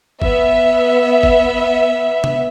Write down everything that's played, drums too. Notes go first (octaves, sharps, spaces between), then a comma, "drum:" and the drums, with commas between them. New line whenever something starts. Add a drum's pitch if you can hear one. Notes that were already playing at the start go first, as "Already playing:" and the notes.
B3 E5, drum: kick F#1
drum: kick F#1
drum: tom C3